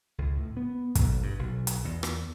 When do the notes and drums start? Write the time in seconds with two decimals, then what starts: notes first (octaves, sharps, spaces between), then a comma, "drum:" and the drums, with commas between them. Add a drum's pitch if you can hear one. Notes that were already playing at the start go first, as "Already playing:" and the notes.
0.18 C#2
0.37 A2
0.57 B3
0.95 B1, drum: kick, hi-hat
1.23 G2
1.39 B1
1.67 drum: hi-hat
1.85 E2
2.03 drum: rim click